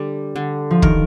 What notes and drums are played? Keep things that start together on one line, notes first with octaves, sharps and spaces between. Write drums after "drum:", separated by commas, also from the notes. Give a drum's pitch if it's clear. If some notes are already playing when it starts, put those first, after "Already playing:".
Already playing: D3 G3 D4
D3
F3
D#3 A#4, drum: kick